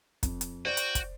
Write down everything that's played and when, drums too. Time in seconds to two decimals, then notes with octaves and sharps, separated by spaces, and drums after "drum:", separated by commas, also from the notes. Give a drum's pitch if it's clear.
0.23 F2, drum: kick, hi-hat
0.41 drum: hi-hat
0.65 F#4 C5 D5 G5
0.77 drum: hi-hat
0.95 drum: kick, hi-hat